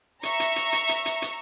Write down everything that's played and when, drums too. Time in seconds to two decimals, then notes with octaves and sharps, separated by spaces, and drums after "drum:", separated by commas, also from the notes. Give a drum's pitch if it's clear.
0.23 E5 A#5 C#6, drum: hi-hat
0.40 drum: hi-hat
0.56 drum: hi-hat
0.73 drum: hi-hat
0.89 drum: hi-hat
1.06 drum: hi-hat
1.22 drum: hi-hat